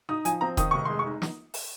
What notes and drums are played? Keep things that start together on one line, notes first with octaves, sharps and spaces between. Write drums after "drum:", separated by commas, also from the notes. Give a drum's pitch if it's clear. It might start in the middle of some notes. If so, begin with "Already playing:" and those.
D#4 D#6
F3 G#5, drum: hi-hat
C4 A#5
D#3 D#6, drum: kick E1, hi-hat
F1 C#6
G#3 C6
C#6
D#4
drum: snare
drum: open hi-hat